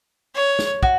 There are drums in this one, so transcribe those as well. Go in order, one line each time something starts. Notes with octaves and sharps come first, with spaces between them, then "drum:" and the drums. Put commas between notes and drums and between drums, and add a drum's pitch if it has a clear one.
C#5
drum: snare
F#4, drum: kick